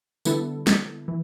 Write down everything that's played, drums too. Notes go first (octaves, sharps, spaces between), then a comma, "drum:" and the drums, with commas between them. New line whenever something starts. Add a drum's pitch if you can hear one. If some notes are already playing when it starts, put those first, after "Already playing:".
D3 G3 B3 E4 A4, drum: tambourine
drum: snare
E3